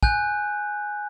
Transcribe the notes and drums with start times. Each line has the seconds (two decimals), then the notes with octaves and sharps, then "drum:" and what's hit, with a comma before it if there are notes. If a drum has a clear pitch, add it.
0.03 G#5 F#6 G6, drum: kick